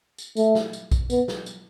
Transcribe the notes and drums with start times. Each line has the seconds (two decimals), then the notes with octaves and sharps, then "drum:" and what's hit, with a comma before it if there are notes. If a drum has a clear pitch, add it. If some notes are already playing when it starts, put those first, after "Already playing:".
0.18 drum: tambourine
0.37 A3, drum: tambourine
0.55 drum: snare
0.73 drum: tambourine
0.92 drum: kick A#1, tambourine
1.10 B3, drum: tambourine
1.28 drum: snare
1.46 drum: tambourine